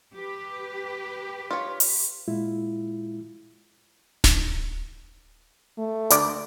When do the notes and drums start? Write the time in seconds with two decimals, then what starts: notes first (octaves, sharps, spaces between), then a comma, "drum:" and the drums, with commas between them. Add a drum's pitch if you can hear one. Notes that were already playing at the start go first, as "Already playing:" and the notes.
0.14 G4 B4
1.51 F4 C#5
1.80 drum: open hi-hat
2.28 A#2 G#3 E4 F4
4.24 drum: snare D1
5.78 A3
6.10 D2 D5, drum: hi-hat